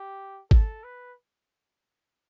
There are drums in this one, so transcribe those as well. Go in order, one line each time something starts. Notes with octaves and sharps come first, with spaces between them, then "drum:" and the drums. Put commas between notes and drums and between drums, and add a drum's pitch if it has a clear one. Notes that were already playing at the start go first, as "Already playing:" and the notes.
Already playing: G4
A4, drum: kick G#1
B4